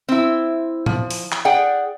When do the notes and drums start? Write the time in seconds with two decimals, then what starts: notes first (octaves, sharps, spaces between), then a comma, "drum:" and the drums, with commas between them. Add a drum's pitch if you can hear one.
0.09 C4 E4
0.86 F3, drum: tom A2
1.10 drum: open hi-hat
1.32 drum: clap
1.45 G#4 D5 F#5 G5